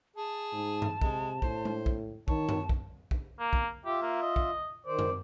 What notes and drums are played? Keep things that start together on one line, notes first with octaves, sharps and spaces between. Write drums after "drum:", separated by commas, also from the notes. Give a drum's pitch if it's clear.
G#4 A5
G#2
drum: tom G2
C3 G#3, drum: kick
A2 C5, drum: kick
drum: tom G#3
drum: kick
D#3 C#5 A5, drum: kick
drum: tom F#2
drum: kick
drum: kick
A#3
drum: kick
F4 G4 E5
A#3
D#5
drum: kick
D#3 C5 D5
drum: tom F#2